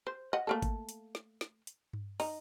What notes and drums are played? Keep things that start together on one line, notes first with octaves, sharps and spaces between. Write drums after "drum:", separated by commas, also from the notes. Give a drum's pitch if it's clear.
C5
D#5 F#5
A3 A#3 A4
drum: kick G#1, hi-hat
drum: hi-hat
drum: snare
drum: snare
drum: hi-hat
drum: tom G2
D#4, drum: open hi-hat